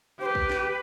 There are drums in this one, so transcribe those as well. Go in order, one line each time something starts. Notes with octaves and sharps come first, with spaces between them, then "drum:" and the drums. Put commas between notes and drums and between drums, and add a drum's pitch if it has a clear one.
G4 B4 C5
drum: kick
drum: snare